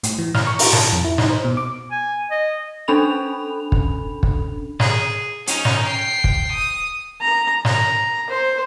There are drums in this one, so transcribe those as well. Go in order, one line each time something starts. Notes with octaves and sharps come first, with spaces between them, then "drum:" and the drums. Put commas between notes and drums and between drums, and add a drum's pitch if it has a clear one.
A2, drum: hi-hat
E3
F6, drum: snare
C#6
A#5, drum: open hi-hat
A5, drum: snare
F2
E4
D#4, drum: snare
C5
B2
D6
G#5
D#5
C#4 D4 A4 B5 F7
drum: kick
drum: kick
G#4, drum: snare
C#4 D#4, drum: hi-hat
drum: snare
G5 C7
drum: kick
D#6
A#5
A#5, drum: snare
C5